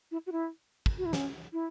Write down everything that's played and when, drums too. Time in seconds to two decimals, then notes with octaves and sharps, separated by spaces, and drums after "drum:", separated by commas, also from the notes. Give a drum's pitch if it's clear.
0.11 E4
0.27 F#4
0.32 E4
0.86 drum: kick
0.98 F#4
1.05 E4
1.13 C#4, drum: snare
1.53 E4